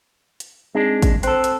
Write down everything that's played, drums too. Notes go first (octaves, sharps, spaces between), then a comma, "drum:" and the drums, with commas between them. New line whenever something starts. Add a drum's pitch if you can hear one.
drum: hi-hat
G#3 C4 D4 D#4 G#4
drum: kick G#1, hi-hat
C4 A4 C5 F#6 C7, drum: hi-hat
drum: hi-hat